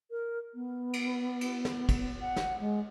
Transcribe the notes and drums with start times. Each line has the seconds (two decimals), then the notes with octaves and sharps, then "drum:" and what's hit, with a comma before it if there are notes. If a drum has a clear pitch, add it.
0.11 A#4
0.55 B3
0.93 drum: cymbal
1.41 drum: cymbal
1.65 drum: snare
1.89 drum: kick, cymbal
2.21 F#5
2.36 drum: snare
2.60 G#3